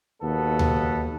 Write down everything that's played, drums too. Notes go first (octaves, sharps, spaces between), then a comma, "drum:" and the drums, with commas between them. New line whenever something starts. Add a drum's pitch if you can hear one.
D#2 B2 B3 A4
drum: tom D2